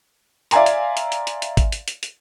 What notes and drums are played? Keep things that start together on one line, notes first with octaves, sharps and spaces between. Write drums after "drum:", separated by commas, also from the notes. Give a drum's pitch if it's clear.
D5 E5 F5 G#5 A#5 C6, drum: hi-hat
drum: hi-hat
drum: hi-hat
drum: hi-hat
drum: hi-hat
drum: hi-hat
drum: kick G#1, hi-hat
drum: hi-hat
drum: hi-hat
drum: hi-hat